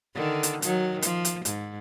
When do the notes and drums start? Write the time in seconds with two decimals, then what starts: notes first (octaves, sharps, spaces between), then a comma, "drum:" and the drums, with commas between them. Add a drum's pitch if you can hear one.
0.15 D3 D#3
0.43 drum: hi-hat
0.62 D#3 F#3, drum: hi-hat
1.02 F3, drum: hi-hat
1.25 drum: hi-hat
1.45 G#2, drum: hi-hat